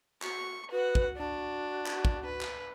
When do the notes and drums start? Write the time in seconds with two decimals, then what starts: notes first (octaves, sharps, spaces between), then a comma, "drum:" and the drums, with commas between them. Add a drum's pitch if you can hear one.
0.22 F#4 C#6, drum: clap
0.71 F#4 B4 F#5
0.95 drum: kick
1.17 D4 F#4
1.86 drum: clap
2.05 drum: kick
2.25 B4
2.41 drum: clap